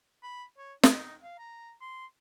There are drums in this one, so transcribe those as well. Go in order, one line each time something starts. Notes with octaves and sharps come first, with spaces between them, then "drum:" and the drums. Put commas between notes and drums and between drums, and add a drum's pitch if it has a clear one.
B5
C#5
D#4, drum: snare
F5
A#5
C6